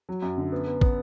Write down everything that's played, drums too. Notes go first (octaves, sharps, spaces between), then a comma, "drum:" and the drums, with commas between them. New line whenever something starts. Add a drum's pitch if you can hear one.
F#3
F#2
D3
B3
B3
B3, drum: kick